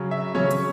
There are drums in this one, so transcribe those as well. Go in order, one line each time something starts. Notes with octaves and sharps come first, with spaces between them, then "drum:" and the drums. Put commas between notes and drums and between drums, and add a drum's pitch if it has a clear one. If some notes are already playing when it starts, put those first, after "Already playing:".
Already playing: C#3 F#3 C#4
E5
C#3 F#3 C#4 C#5, drum: tom D#3
drum: hi-hat